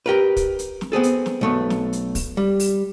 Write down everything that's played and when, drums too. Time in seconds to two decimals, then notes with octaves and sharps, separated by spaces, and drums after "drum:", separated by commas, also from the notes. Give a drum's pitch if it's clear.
0.06 G4 A#4 B4
0.36 drum: kick, hi-hat
0.59 drum: hi-hat
0.81 drum: snare
0.92 B3 C4 G#4 A4
1.03 drum: hi-hat
1.26 drum: snare
1.41 B1 A3 B3
1.70 drum: snare
1.93 drum: hi-hat
2.15 drum: kick, open hi-hat
2.37 G3
2.60 drum: open hi-hat